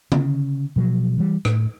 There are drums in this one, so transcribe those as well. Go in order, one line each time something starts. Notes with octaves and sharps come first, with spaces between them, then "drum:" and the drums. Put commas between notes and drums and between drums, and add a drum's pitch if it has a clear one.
C#3, drum: tom D3
B2 F3 F#3
E3 G3
A2, drum: rim click